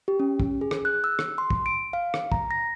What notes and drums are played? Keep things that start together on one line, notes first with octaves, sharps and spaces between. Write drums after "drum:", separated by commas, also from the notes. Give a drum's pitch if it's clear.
G4
C#4
drum: kick
G#4
drum: rim click
F#6
E6
drum: rim click
C6
drum: kick
D7
F5
drum: rim click
A#5, drum: kick
A#6